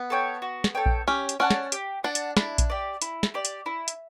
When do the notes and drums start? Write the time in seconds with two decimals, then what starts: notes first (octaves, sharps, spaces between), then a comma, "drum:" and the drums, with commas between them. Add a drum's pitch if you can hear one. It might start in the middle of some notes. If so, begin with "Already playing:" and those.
Already playing: B3
0.10 A4 C#5 G5
0.42 F#4
0.64 drum: snare
0.75 A4 C#5 G5
0.86 drum: kick A#1
1.08 C#4 G4
1.29 drum: hi-hat
1.40 C#4 D5 F#5 A5
1.50 drum: snare
1.72 G4, drum: hi-hat
2.04 D4 D5 F#5 A5
2.15 drum: hi-hat
2.37 D4 E4, drum: snare
2.58 drum: kick A#1, hi-hat
2.70 G4 D5
3.02 E4, drum: hi-hat
3.23 drum: snare
3.34 G4 D5
3.45 drum: hi-hat
3.66 E4
3.88 drum: hi-hat